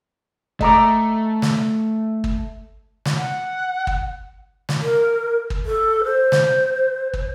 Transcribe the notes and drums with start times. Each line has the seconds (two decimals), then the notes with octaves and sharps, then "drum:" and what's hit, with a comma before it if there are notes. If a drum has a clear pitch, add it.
0.61 A3 D#5 A#5 D6, drum: kick
1.42 drum: snare
2.24 drum: kick
3.05 drum: snare
3.17 F#5
3.87 drum: kick
4.69 drum: snare
4.81 A#4
5.50 drum: kick
5.66 A4
6.05 C5
6.32 drum: snare
7.13 drum: kick